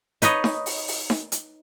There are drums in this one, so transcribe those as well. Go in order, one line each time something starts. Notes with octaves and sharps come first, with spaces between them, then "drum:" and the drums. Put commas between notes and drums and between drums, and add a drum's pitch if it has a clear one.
D#4 B4 C#5 D#5, drum: hi-hat
drum: snare D#4
drum: open hi-hat
drum: open hi-hat
drum: snare D#4
drum: hi-hat